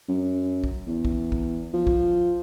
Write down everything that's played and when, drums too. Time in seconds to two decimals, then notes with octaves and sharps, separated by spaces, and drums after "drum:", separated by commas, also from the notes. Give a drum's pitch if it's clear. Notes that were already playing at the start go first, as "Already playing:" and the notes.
0.09 F#2
0.64 drum: kick
0.87 E2
1.05 drum: kick
1.32 drum: kick
1.74 F3
1.87 drum: kick